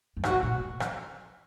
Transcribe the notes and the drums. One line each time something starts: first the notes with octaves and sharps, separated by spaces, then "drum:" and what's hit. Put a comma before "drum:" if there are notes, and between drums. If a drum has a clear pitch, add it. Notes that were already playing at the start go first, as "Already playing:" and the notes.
F#2
G#2 F#4, drum: rim click
A#2
A#2
drum: rim click